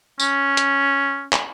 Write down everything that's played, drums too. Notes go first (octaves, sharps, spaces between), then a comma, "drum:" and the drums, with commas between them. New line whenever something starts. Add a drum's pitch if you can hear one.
C#4, drum: tambourine
drum: hi-hat
drum: clap